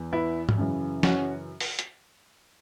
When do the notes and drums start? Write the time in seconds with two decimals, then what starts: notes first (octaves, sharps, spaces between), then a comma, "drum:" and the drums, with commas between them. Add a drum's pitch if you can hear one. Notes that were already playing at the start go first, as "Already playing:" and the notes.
Already playing: E2 E3
0.12 B3 E4
0.49 drum: tom
0.58 F#2 C#3 E3
1.03 C#4 F#4, drum: snare
1.60 drum: open hi-hat
1.79 drum: hi-hat